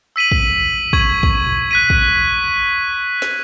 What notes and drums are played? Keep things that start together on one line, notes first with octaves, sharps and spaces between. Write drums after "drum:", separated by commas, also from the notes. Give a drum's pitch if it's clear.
E6 B6 D#7 F#7
drum: kick
C#6 G#6 D#7 F#7, drum: kick
drum: kick
drum: tom A2
F#6 B6 D#7
drum: kick
drum: snare